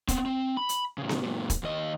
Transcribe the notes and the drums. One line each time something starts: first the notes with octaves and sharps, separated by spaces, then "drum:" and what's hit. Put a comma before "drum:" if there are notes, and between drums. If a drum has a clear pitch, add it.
B3 C4, drum: kick, hi-hat
C4
B5
drum: hi-hat
A2 C#3
drum: snare B3
F#2 A#2
drum: kick, hi-hat
D#2 D#5